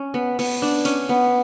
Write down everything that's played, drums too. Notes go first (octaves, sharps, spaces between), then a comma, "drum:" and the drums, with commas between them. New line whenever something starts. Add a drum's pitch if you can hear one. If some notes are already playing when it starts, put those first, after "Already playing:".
Already playing: C#4
B3
B3, drum: open hi-hat
D4
C#4, drum: hi-hat
B3